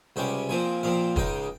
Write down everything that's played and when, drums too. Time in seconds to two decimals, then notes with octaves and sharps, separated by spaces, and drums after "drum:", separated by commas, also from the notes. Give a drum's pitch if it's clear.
0.16 C#2 C3 G3 C#4 G5
0.49 A#2 F3 C4 G#5
0.83 A#2 F3 C4 F5
1.16 C#2 C#3 G#3 D#4 G5, drum: kick